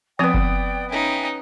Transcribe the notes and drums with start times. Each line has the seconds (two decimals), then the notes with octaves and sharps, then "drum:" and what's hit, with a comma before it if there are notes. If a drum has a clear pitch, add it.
0.19 F3 B3 C4 D5 G5 D#6
0.34 drum: kick F#1
0.89 C#4 D#4 E5 G5 G#5